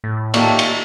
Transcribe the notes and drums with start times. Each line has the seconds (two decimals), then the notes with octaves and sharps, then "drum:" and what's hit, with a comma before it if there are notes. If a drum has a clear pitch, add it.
0.04 A2
0.34 A#2 D#3 A#3 G4 A4 C#5 E5, drum: cymbal
0.59 drum: cymbal